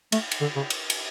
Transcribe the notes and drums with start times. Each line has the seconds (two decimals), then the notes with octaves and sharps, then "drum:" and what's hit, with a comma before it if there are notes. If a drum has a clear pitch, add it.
0.12 A3, drum: cymbal
0.31 drum: cymbal
0.41 D3
0.56 C#3
0.70 drum: cymbal
0.90 drum: cymbal